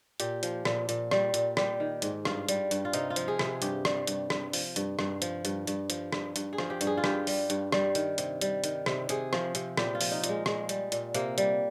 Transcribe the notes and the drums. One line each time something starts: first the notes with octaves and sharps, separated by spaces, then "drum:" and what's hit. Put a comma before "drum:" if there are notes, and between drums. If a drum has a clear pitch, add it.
A#2 G4, drum: hi-hat
F3, drum: hi-hat
A#2, drum: rim click
A#2, drum: hi-hat
G3, drum: rim click
A#2, drum: hi-hat
G3 G4, drum: rim click
D#3
G#2, drum: hi-hat
G2 F4, drum: rim click
G3, drum: hi-hat
G2, drum: hi-hat
F4
C3 D#4, drum: hi-hat
F4
F3, drum: hi-hat
G#4
C3, drum: rim click
G#4
G2 G4, drum: hi-hat
G3, drum: rim click
G2, drum: hi-hat
G2, drum: rim click
F3, drum: open hi-hat
G2, drum: hi-hat
G2, drum: rim click
F3, drum: hi-hat
G2, drum: hi-hat
G2, drum: hi-hat
F3, drum: hi-hat
G2, drum: rim click
G2, drum: hi-hat
G#4
F3, drum: rim click
G4
G2, drum: hi-hat
G#4
F4
G2 G4, drum: rim click
G3, drum: open hi-hat
G2, drum: hi-hat
G3, drum: rim click
D#3, drum: hi-hat
C3, drum: hi-hat
G3, drum: hi-hat
D#3, drum: hi-hat
C3, drum: rim click
C3 G#4, drum: hi-hat
F3, drum: rim click
C3, drum: hi-hat
A#2 G4, drum: rim click
F4
F3, drum: open hi-hat
D#4
A#2, drum: hi-hat
G#3
A#2 G#3, drum: rim click
G3, drum: hi-hat
A#2, drum: hi-hat
C3 A#3, drum: hi-hat
G3, drum: hi-hat